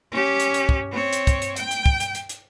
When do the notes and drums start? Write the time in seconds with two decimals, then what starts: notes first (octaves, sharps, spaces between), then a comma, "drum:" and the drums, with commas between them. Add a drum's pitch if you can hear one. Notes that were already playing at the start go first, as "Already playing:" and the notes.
0.11 C#4 G4
0.40 drum: hi-hat
0.54 drum: hi-hat
0.69 drum: kick
0.91 C4 C#5
1.13 drum: hi-hat
1.27 drum: kick, hi-hat
1.42 drum: hi-hat
1.56 G5, drum: hi-hat
1.71 drum: hi-hat
1.86 drum: kick
2.00 drum: hi-hat
2.15 drum: hi-hat
2.29 drum: hi-hat